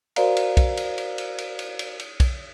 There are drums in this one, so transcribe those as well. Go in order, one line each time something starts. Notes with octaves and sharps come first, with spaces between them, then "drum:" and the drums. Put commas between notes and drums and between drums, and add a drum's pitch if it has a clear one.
F#4 A#4 C5 D5 F5 A#5, drum: cymbal
drum: cymbal
drum: kick, cymbal
drum: cymbal
drum: cymbal
drum: cymbal
drum: cymbal
drum: cymbal
drum: cymbal
drum: cymbal
drum: kick, cymbal